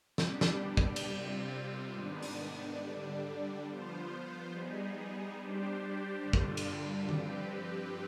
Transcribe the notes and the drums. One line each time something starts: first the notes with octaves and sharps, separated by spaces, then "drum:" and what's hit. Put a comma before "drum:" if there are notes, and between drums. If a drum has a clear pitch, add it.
G3 B3 D4 G4, drum: snare
drum: snare
drum: kick
drum: cymbal
C3 G3 C4 F4
G#2 D#3 B3 D4
drum: open hi-hat
D3 G3 D4
F3 B3 F4 C5
G3 B3 D#4 G#4
G3 D4 G4 C5
G2 D3 G3 D4 F4
drum: kick
drum: cymbal
G2 F3 C4 G4 B4, drum: tom D#3